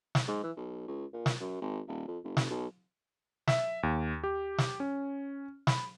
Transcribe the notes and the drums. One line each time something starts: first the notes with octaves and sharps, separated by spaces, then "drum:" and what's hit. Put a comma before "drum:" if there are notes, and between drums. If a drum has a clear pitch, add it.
drum: snare
G#2
E3
B1
C#2
A#2
drum: snare
F#2
G#1
D#1
F2
F#1
drum: snare
B1
E5, drum: snare
D#2
G4
drum: snare
C#4
B5, drum: snare